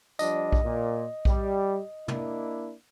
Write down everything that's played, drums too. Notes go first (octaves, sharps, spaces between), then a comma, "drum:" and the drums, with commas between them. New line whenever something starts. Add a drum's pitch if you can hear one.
F3 G3 D4 D#5, drum: tambourine
drum: kick A#1
A#2
G3, drum: kick A#1
A#3 D4 E4, drum: tom